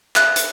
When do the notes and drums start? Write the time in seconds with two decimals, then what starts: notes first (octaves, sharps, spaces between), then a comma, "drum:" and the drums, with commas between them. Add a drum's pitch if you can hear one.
0.16 E5 F#6, drum: clap
0.36 drum: hi-hat